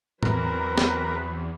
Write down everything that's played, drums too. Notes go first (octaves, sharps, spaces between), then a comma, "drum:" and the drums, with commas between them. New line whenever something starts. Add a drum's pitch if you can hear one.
E2 F#3 C4 A#4 B4, drum: tom A2
drum: snare